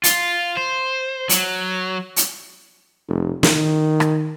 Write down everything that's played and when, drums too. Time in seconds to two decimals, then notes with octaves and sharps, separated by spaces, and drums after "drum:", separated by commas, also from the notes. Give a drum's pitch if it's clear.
0.04 F4, drum: hi-hat
0.57 C5
1.29 F#3, drum: hi-hat
2.16 drum: hi-hat
3.09 F1
3.43 D#3, drum: snare
4.00 drum: rim click